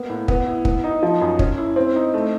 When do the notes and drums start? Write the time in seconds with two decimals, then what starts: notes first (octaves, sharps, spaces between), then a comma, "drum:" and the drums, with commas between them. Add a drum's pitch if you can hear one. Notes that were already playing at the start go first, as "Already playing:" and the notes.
Already playing: A#3 B3
0.09 A2
0.28 B3, drum: kick
0.47 E4
0.65 B3, drum: kick
0.84 D#4
1.03 F3
1.21 F#2
1.39 C#4, drum: kick
1.58 E4
1.76 C4
1.96 D#4
2.14 A3